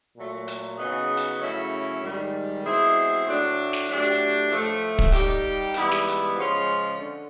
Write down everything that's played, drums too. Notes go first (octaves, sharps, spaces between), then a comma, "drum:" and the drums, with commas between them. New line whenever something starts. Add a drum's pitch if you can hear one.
A#2 F#3 A3
drum: hi-hat
C#3 F#3 B3 D#4 G#4
drum: hi-hat
C#3 F#3 A3 C#4 E4
G#2 D#3 G3
B2 G#3 C4 E4 G#4
A2 F#3 A3 D4
drum: snare
A2 F#3 A3 D4 G4
A2 F3 A3
drum: kick
G3 A#3 D#4 G4, drum: hi-hat
G#2 E3 G3 B3 E4, drum: hi-hat
drum: snare
drum: hi-hat
C#3 F3 G#3 C#4 F4
D3